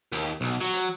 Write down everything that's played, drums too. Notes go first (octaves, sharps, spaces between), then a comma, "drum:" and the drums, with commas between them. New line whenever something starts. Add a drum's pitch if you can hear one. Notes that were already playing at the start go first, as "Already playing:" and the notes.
D#2, drum: hi-hat
B1
F#3
drum: hi-hat